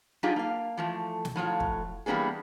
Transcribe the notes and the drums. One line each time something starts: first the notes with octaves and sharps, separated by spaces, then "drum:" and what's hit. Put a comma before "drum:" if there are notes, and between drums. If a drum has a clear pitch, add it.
F#3 D4 D#4 F4 G4 G#4
A#3 F5
E3 F3 A3
drum: snare
A2 F3 F#3 F4
drum: kick
E3 G3 A#3 B3 D4 G#4